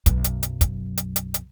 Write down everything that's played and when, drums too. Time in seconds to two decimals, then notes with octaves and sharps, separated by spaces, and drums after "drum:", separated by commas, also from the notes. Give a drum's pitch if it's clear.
0.06 B1 F#2, drum: kick, hi-hat
0.24 drum: hi-hat
0.43 drum: hi-hat
0.61 drum: kick, hi-hat
0.97 drum: hi-hat
1.16 drum: hi-hat
1.34 drum: hi-hat